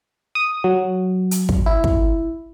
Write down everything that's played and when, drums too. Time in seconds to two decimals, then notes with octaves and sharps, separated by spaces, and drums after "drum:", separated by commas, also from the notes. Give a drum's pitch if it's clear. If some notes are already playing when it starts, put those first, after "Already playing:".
0.35 D#6
0.64 F#3
1.31 drum: hi-hat
1.49 drum: kick
1.66 E4
1.84 drum: kick